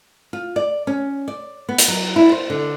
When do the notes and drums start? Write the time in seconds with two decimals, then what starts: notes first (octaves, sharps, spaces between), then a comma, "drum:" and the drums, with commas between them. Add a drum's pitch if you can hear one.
0.33 F4
0.56 D5
0.87 C#4
1.28 D5
1.69 B3
1.78 drum: hi-hat
1.88 F#3
2.16 E4
2.32 C5
2.50 D3